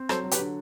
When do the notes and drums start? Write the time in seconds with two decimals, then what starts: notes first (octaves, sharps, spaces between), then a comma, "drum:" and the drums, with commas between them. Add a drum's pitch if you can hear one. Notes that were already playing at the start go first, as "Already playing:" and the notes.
Already playing: C4
0.09 F#3 A4 C5, drum: rim click
0.24 F#3
0.31 G4 B4, drum: hi-hat
0.39 D3